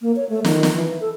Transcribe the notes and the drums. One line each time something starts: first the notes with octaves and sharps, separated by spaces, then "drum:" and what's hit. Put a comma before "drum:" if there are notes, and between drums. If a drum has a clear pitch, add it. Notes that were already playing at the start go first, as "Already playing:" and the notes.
A#3
C#5
A3
D#3, drum: snare
drum: snare
E3
A4